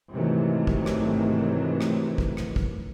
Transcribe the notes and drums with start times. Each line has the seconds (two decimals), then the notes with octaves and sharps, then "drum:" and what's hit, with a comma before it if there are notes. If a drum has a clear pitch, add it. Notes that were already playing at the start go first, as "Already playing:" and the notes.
0.11 G#2 C3 D#3 E3 F#3 A3
0.67 drum: kick
0.86 drum: rim click
1.81 drum: rim click
2.18 drum: kick
2.37 drum: rim click
2.56 drum: kick